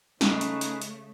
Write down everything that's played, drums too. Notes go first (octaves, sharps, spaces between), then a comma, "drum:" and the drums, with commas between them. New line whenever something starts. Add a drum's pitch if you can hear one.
C#3 A3 C#4 D#4 G#4 B4, drum: snare
drum: hi-hat
drum: hi-hat
drum: hi-hat